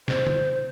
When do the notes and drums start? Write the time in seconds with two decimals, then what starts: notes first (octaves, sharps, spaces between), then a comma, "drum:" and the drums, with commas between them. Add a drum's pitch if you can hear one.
0.08 C5, drum: snare
0.27 drum: tom D3